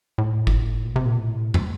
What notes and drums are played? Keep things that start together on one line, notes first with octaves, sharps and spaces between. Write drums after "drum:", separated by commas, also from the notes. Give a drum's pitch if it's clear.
A2
drum: kick G1
A#2
C3
A#2
A2
drum: tom